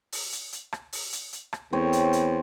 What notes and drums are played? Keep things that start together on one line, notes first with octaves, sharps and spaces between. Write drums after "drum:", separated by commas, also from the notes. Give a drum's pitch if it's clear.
drum: open hi-hat
drum: hi-hat
drum: hi-hat
drum: rim click
drum: open hi-hat
drum: hi-hat
drum: hi-hat
drum: rim click
E2 C4 C#5
drum: hi-hat
drum: hi-hat